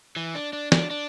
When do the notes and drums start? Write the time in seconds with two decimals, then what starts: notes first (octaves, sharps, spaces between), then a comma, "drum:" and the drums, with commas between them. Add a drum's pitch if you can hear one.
0.16 E3
0.35 D4
0.53 D4
0.72 D4, drum: snare
0.90 D4